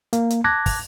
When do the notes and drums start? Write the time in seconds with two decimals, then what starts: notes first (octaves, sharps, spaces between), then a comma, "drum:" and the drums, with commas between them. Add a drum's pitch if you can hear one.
0.13 A#3, drum: hi-hat
0.30 drum: hi-hat
0.44 A5 D6 F#6 G#6 A#6
0.66 drum: kick, open hi-hat